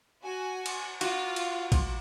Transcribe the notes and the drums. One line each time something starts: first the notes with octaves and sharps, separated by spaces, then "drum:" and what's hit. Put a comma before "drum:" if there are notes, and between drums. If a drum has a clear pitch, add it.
F#4 G#5
drum: cymbal
F4 F#4, drum: cymbal
drum: cymbal
drum: kick A#1, cymbal